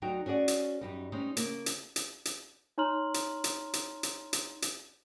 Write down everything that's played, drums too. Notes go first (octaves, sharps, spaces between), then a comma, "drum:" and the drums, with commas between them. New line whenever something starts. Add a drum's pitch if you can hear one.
D2 F#3 D#4 F#4 G5
C#4 F#4 G#4 D5
drum: hi-hat
F#2 G3 D#4
G3 G#3 C4 C#4 D#4
C#3 A#3, drum: hi-hat
drum: hi-hat
drum: hi-hat
drum: hi-hat
D#4 C#5 A#5 C6 F6 F#7
drum: hi-hat
drum: hi-hat
drum: hi-hat
drum: hi-hat
drum: hi-hat
drum: hi-hat